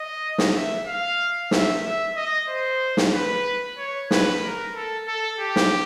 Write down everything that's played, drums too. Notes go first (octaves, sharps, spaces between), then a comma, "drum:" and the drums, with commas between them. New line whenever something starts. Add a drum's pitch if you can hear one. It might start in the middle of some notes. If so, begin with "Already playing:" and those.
Already playing: D#5
drum: snare
E5
F5
E5, drum: snare
E5
D#5
C5
drum: snare
B4
C#5
B4, drum: snare
A#4
A4
A4
G4
drum: snare